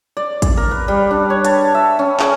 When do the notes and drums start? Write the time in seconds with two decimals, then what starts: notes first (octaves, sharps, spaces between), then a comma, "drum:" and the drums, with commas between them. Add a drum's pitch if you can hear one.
0.17 D5
0.42 drum: kick, hi-hat
0.57 A#4
0.71 B4
0.88 G3
1.11 D4
1.30 C#5
1.45 A5, drum: hi-hat
1.74 E5
1.99 C#4
2.20 G#4, drum: clap